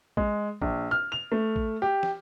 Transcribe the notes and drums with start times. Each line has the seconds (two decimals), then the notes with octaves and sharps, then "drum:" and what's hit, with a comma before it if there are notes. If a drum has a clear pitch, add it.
0.17 G#3, drum: kick A1
0.61 A#1, drum: kick A1
0.91 F6
1.12 F7
1.32 A3
1.56 drum: kick A1
1.82 G4
2.03 drum: snare